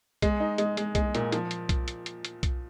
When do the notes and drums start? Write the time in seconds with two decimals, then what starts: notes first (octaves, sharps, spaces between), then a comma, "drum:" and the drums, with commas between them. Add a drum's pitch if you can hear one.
0.22 G#3, drum: kick B1, hi-hat
0.40 D#4
0.58 G#3, drum: hi-hat
0.77 G#3, drum: hi-hat
0.95 G#3, drum: kick B1, hi-hat
1.15 A#2, drum: hi-hat
1.32 F3, drum: hi-hat
1.51 drum: hi-hat
1.69 drum: kick B1, hi-hat
1.88 drum: hi-hat
2.06 drum: hi-hat
2.25 drum: hi-hat
2.43 drum: kick B1, hi-hat